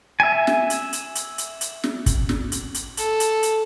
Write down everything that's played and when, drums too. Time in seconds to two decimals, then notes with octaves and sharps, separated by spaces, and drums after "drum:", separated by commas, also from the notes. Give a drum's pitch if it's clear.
0.20 E5 G#5
0.47 drum: snare
0.70 drum: hi-hat
0.93 drum: hi-hat
1.15 drum: hi-hat
1.38 drum: hi-hat
1.61 drum: hi-hat
1.84 drum: snare
2.06 drum: kick, hi-hat
2.29 drum: snare
2.52 drum: hi-hat
2.74 drum: hi-hat
2.97 A4, drum: hi-hat
3.20 drum: hi-hat
3.43 drum: hi-hat